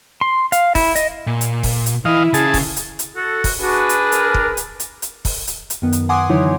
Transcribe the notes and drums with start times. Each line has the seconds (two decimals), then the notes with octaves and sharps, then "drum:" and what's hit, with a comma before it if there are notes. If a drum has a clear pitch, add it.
0.21 C6
0.52 F5, drum: hi-hat
0.75 E4, drum: kick, open hi-hat
0.95 D#5, drum: hi-hat
1.27 A#2
1.41 drum: hi-hat
1.63 drum: kick, open hi-hat
1.86 drum: hi-hat
2.05 E3 E4 D#5 F5
2.34 C#3 G#4 A5, drum: hi-hat
2.54 drum: kick, open hi-hat
2.76 drum: hi-hat
2.99 drum: hi-hat
3.16 F#4 A4
3.44 drum: kick, open hi-hat
3.61 D4 F#4 G#4 B4
3.89 drum: hi-hat
4.12 A#4, drum: hi-hat
4.34 drum: kick
4.57 drum: hi-hat
4.80 drum: hi-hat
5.02 drum: hi-hat
5.25 drum: kick, open hi-hat
5.47 drum: hi-hat
5.70 drum: hi-hat
5.82 F#2 D#3 B3
5.93 drum: hi-hat
6.09 F#5 G#5 C6 D6 D#6
6.29 D3 E3 F#3 D#4 E4 C#5